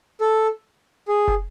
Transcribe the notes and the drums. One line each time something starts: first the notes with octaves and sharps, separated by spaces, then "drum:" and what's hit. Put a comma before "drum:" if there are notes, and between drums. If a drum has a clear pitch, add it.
A4
G#4
drum: kick